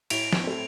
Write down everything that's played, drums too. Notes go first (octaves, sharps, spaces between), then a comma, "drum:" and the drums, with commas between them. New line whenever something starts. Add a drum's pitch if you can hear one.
A2 D7 F7, drum: cymbal
drum: snare
A3 C4